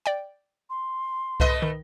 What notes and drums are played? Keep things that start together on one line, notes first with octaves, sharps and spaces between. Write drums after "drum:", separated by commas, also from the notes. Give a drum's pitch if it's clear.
D5 G5
C6
A3 B4 D#5, drum: kick C2
D#3